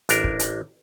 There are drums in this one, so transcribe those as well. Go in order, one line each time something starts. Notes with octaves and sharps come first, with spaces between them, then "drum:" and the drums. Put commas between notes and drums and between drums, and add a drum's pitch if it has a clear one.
A1 D4 A#4, drum: hi-hat
drum: kick
drum: hi-hat